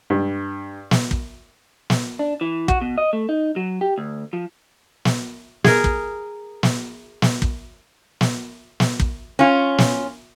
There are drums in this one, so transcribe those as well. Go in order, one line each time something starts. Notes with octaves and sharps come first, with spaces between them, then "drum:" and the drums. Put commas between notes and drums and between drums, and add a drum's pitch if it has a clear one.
G2
drum: snare
drum: kick
drum: snare
D4
E3
F#4, drum: kick
B2
D#5
A3
D#4
F#3
G4
D2
F3
drum: snare
G#4 A#4, drum: snare
drum: kick
drum: snare
drum: snare
drum: kick
drum: snare
drum: snare
drum: kick
C#4 F4
drum: snare